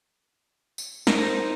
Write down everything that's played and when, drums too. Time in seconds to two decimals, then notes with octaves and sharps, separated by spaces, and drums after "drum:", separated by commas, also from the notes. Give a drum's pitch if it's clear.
0.78 drum: tambourine
1.07 D#4 A#4 C5, drum: snare